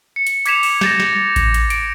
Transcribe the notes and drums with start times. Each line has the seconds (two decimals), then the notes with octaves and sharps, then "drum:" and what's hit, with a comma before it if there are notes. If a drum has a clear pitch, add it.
0.16 C#7
0.27 drum: hi-hat
0.46 D6 G#6 B6 C#7 E7 F7, drum: hi-hat
0.63 drum: open hi-hat
0.81 G6 A6 A#6, drum: snare
1.00 drum: snare
1.36 drum: kick A1, hi-hat
1.54 drum: hi-hat
1.70 D7, drum: hi-hat